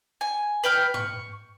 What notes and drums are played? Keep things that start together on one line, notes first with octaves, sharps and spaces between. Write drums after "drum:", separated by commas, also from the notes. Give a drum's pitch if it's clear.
G#5
B4 G5 F6
C#6, drum: tom G#2